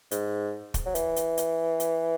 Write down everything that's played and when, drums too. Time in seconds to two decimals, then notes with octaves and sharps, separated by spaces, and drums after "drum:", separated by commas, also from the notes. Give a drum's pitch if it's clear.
0.11 G#2, drum: hi-hat
0.74 drum: kick, hi-hat
0.86 F#3
0.95 E3, drum: hi-hat
1.16 drum: hi-hat
1.37 drum: hi-hat
1.80 drum: hi-hat